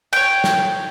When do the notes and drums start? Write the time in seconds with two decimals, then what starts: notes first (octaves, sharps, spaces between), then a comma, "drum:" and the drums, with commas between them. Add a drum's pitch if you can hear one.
0.13 C#5 G5, drum: cymbal
0.44 drum: snare